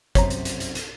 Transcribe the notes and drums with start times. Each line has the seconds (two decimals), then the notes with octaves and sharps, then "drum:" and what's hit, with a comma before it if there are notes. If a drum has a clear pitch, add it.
0.15 F#2 C3 C#5 A#5, drum: kick G1, hi-hat
0.30 drum: hi-hat
0.45 drum: hi-hat
0.60 drum: hi-hat
0.75 drum: hi-hat